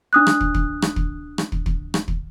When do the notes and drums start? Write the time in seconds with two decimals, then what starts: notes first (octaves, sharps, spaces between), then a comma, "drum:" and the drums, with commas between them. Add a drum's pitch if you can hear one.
0.13 D4 D#6 F#6
0.27 drum: rim click
0.41 drum: kick
0.54 drum: kick
0.82 drum: rim click
0.96 drum: kick
1.38 drum: rim click
1.52 drum: kick
1.66 drum: kick
1.94 drum: rim click
2.08 drum: kick